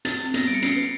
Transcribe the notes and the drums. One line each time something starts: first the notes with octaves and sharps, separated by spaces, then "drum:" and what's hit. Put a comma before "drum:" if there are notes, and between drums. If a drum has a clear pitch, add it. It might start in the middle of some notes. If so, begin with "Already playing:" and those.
C4 A6, drum: hi-hat
C4
B3 A#6, drum: hi-hat
G3 D7
C#7
C#4 C7, drum: hi-hat
B4